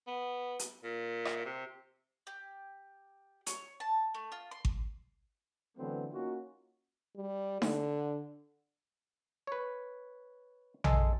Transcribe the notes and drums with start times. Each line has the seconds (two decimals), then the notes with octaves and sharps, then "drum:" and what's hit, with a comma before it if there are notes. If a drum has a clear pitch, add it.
0.07 B3
0.59 drum: hi-hat
0.84 A#2
1.25 drum: rim click
1.46 C3
2.27 G4
3.47 C#5, drum: hi-hat
3.80 A5
4.15 A3
4.32 F4
4.51 C6
4.65 drum: kick G#1
5.78 D3 E3 F#3 A3 B3 C4
6.13 A#3 C#4 D#4 F4 F#4
7.17 G3
7.62 D3, drum: snare D#4
9.47 B4 C#5
10.84 G#3 G#4 A4, drum: tom A#1